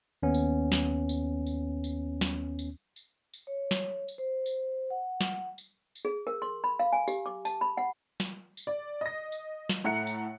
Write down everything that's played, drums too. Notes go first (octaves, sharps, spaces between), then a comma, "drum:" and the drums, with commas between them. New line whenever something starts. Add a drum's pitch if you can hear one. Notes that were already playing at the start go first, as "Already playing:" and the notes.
D#2 B3 C#4
drum: tambourine
drum: snare
drum: tambourine
drum: tambourine
drum: tambourine
drum: snare
drum: tambourine
drum: tambourine
drum: tambourine
C#5
drum: snare
drum: tambourine
C5
drum: tambourine
F#5
drum: snare
drum: tambourine
drum: tambourine
G#4
A#4
C6
B5
F5
G#5
G4, drum: tambourine
D6
A5, drum: tambourine
B5
F#5
drum: snare
drum: tambourine
D5
D#5 A#6
drum: tambourine
drum: snare
A2 A3 F#5 A#5 F#6 C#7
drum: tambourine